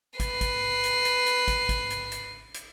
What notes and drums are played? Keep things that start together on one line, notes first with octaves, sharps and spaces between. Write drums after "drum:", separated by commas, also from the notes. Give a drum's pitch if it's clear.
B4 C7, drum: kick, hi-hat
drum: kick, hi-hat
drum: hi-hat
drum: hi-hat
drum: hi-hat
drum: kick, hi-hat
drum: kick, hi-hat
drum: hi-hat
drum: hi-hat
drum: hi-hat